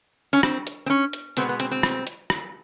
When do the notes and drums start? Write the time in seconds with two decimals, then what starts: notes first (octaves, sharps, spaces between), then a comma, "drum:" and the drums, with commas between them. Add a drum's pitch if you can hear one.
0.33 C#4
0.43 C4, drum: rim click
0.67 drum: hi-hat
0.86 C4
0.90 C#4
1.13 drum: hi-hat
1.37 B2 G#3 B3 C4, drum: hi-hat
1.49 B3
1.60 C4, drum: hi-hat
1.72 C4
1.83 drum: rim click
2.07 drum: hi-hat
2.30 drum: rim click